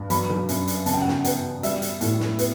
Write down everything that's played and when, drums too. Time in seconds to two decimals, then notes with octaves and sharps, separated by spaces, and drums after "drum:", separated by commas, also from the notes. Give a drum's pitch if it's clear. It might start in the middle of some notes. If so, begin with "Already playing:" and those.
Already playing: G2
0.10 F#3 B5, drum: hi-hat
0.29 drum: tom B2
0.49 F#2, drum: hi-hat
0.67 drum: hi-hat
0.86 C#3 A5, drum: hi-hat
0.94 G5
1.01 F#5
1.08 G5, drum: snare
1.24 B3 F#5, drum: hi-hat
1.63 G3 E5, drum: hi-hat
1.82 drum: hi-hat
2.01 A2, drum: hi-hat
2.20 drum: snare
2.39 B3, drum: hi-hat